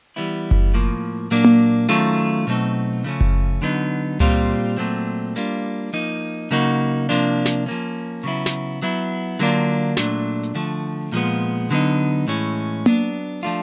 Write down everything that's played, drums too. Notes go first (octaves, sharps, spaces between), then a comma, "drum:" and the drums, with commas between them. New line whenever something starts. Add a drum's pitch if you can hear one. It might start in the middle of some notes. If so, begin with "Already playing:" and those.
E3 G3 B3 E4
drum: kick F#1
A2 F3 A#3
A#2 F#3 A#3 D4
drum: tom A#3
D#3 F#3 A3 C#4 F4
B2 F#3 A3 C4 D#4
C#3 F3 A3 C#4
drum: kick F#1
D3 F#3 B3 D#4
A#2 G3 C4 F4, drum: tom C#2
A#2 F#3 A3 C4
G3 A#3 D4 F4, drum: hi-hat
F3 A#3 D#4
C#3 F#3 A#3 D#4 F#4
C3 F3 A#3 D4 F4
drum: snare
F3 A#3 C#4
C#3 F#3 B3 E4
drum: snare
F#3 B3 E4
D3 F#3 A#3 D4 F4
A#2 F#3 A3 D4, drum: snare
drum: hi-hat
D3 F3 A3
A#2 F3 G#3 B3
D3 F#3 B3 D#4
A2 E3 G#3 C#4
F#3 B3 D4, drum: tom A#3
F3 A3 D4 F4